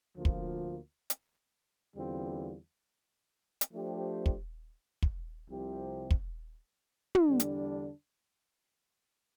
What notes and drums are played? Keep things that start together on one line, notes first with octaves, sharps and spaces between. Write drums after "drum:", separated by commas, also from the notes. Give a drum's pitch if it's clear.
D2 D3 F3 A#3 F4
drum: kick
drum: hi-hat
E2 D3 G3 C4 F4
drum: hi-hat
F3 A3 D4 G4 C5
drum: kick
drum: kick
C2 C3 F3 C4 G4
drum: kick
drum: tom
E2 D3 G3 D4
drum: hi-hat